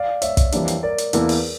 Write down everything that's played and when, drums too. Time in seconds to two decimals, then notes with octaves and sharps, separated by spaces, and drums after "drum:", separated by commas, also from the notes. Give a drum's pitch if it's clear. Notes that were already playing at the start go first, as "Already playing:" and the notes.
Already playing: D5 F5
0.22 C#5 E5, drum: hi-hat
0.37 drum: kick, hi-hat
0.52 F2 E3 G3 A#3 D4, drum: hi-hat
0.68 drum: hi-hat
0.83 A#4 D5
0.98 drum: hi-hat
1.13 E2 E3 A#3 E4 A4, drum: hi-hat
1.29 drum: open hi-hat